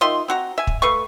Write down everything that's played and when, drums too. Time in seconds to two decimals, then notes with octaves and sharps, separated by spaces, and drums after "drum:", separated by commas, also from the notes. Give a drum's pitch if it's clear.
0.01 D#3 F4 E5 C6
0.28 C4 F#4 A#5
0.58 E5 G#5
0.67 drum: kick
0.82 A3 B4 F5 C#6